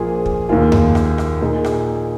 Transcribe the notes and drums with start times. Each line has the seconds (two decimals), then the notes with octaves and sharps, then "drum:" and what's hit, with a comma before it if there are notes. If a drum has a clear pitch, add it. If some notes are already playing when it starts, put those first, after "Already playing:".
Already playing: A#1 A#2 F3 A#3 G#4
0.26 drum: kick
0.49 D#2 D#3 A#3 F4 G#4
0.72 drum: tom F2
0.95 drum: rim click
1.18 drum: rim click
1.41 A#2 A#3 D#4 G#4
1.64 drum: rim click